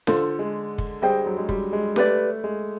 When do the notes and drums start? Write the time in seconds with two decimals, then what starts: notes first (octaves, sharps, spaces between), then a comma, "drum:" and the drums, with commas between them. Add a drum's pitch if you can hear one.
0.07 D3 F4 A4 C5, drum: snare D4
0.39 G#3
0.78 drum: kick
1.02 G3 G#4 C5 D#5 G5
1.26 F#3
1.38 G#3
1.49 G3, drum: kick
1.73 G#3
1.96 A3 G4 B4 D5, drum: snare D4
2.44 G#3